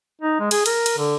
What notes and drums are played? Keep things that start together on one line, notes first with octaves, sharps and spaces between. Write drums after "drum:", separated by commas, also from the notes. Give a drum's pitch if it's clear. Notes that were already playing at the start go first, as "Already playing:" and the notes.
D#4
G#3
G#4, drum: cymbal
A#4, drum: cymbal
drum: cymbal
D3